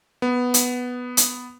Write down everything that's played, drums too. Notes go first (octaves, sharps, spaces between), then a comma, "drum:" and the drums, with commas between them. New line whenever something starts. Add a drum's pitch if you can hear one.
B3
drum: hi-hat
drum: hi-hat